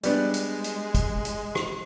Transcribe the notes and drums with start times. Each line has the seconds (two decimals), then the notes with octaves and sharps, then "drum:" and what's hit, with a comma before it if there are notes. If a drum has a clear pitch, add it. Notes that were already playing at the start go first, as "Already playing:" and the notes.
0.03 G3 G#3 B3 D4, drum: hi-hat
0.34 drum: hi-hat
0.64 drum: hi-hat
0.95 drum: kick, hi-hat
1.25 drum: hi-hat
1.55 drum: rim click